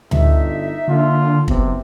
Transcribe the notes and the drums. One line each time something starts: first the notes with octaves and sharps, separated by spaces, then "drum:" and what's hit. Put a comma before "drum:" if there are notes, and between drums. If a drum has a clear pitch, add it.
G1 G2 D#4 E5, drum: tom D2
D3 A#3 F4
F#1 C3 B3, drum: kick